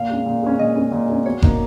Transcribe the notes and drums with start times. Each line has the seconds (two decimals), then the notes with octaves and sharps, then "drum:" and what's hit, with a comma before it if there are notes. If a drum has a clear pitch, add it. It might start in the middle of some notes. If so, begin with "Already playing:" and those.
Already playing: A#2 F5
0.10 G#3 C#4
0.26 A#2
0.42 G#3 C#4
0.59 A#2 D#5
0.76 G#3 C#4
0.92 A#2
1.09 G#3 C#4
1.26 B2 C#5
1.42 A#3 D#4, drum: kick F#1